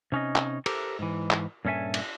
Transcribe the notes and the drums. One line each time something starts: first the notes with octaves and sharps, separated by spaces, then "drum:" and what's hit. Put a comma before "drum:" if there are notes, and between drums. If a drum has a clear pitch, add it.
C3 C#4 D#4 D#5
drum: clap
G4 A4 A#4 C5, drum: cymbal
G#2 E3
drum: clap
G2 A#2 C#4 A4 E5 G#5
drum: cymbal